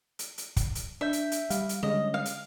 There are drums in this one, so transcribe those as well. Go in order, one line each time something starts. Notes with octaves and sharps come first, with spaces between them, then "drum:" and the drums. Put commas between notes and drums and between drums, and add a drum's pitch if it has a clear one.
drum: hi-hat
drum: hi-hat
drum: kick, hi-hat
drum: hi-hat
D4 E5 G6
drum: hi-hat
drum: hi-hat
G3 F5, drum: hi-hat
drum: hi-hat
D3 G3 G#3 C#4 D#5
F5
drum: hi-hat